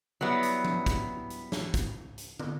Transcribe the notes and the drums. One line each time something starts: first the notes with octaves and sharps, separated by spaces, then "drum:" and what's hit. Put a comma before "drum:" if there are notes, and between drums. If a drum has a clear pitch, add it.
F#3 G3 B3 E4
drum: hi-hat
drum: tom F3
drum: kick, hi-hat
drum: hi-hat
drum: snare
drum: kick, hi-hat
drum: hi-hat
drum: tom